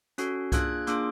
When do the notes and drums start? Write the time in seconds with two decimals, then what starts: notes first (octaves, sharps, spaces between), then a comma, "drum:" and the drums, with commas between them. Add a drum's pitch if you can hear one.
0.18 C#4 F#4 A4, drum: hi-hat
0.52 A#3 D4 F4 G#4 F#6 G#6, drum: kick C2, hi-hat
0.87 A#3 D4 F4 G#4 C6 D6, drum: hi-hat